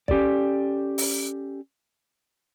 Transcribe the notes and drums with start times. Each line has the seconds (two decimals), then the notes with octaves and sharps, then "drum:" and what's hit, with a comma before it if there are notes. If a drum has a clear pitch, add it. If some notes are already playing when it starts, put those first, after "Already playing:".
0.08 C#4 G4 A4 D5, drum: kick
0.98 drum: open hi-hat